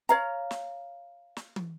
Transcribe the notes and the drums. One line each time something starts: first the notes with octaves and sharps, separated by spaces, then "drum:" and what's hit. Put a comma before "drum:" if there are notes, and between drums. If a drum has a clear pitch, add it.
C#5 F5 A#5, drum: hi-hat
drum: snare
drum: snare
drum: tom